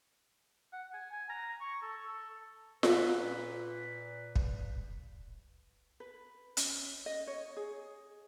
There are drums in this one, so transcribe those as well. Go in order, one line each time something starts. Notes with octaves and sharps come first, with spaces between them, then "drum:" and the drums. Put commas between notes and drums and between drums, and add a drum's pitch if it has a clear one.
F#5
G#5
G#5
A#5
C#6
A4
A4
A#2 B4, drum: snare F4
drum: kick
B4
C#4, drum: hi-hat
D#5
C#5
G#4